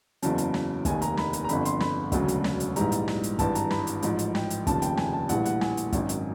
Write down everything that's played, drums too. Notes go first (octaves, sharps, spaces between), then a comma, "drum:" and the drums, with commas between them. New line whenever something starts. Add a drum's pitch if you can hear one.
F#1 E2 C#3 F#3 A5, drum: hi-hat
drum: hi-hat
drum: snare
F1 D#2 D#3 G#5, drum: kick, hi-hat
A#5, drum: hi-hat
B5, drum: snare
drum: hi-hat
A#5
G1 F2 D3 B5, drum: hi-hat
C6, drum: hi-hat
B5, drum: snare
E1 D2 C#3 F#3, drum: kick, hi-hat
drum: hi-hat
drum: snare
drum: hi-hat
A#1 G#2 E3 G3 A#5, drum: hi-hat
drum: hi-hat
drum: snare
drum: hi-hat
G#1 G2 E3 A5, drum: kick, hi-hat
A#5, drum: hi-hat
B5, drum: snare
drum: hi-hat
A1 G#2 F3, drum: hi-hat
drum: hi-hat
G5, drum: snare
drum: hi-hat
F1 D#2 C#3 F3 A5, drum: kick, hi-hat
G5, drum: hi-hat
G#5, drum: snare
A5
A#1 A2 E3 G3 F#5, drum: hi-hat
F#5, drum: hi-hat
G#5, drum: snare
drum: hi-hat
G#1 F#2 D#3, drum: kick, hi-hat
drum: hi-hat